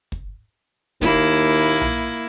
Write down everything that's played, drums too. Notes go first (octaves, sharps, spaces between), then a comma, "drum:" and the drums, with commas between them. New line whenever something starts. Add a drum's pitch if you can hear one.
drum: kick
D#2 A#3 E4, drum: kick
drum: open hi-hat
drum: tom B1